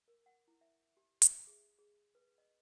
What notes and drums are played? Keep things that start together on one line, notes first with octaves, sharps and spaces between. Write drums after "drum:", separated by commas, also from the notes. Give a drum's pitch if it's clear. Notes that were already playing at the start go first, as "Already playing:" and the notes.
A#4
F#5
E4
E5
G4
E5, drum: hi-hat
G#4
G#4
B4
D#5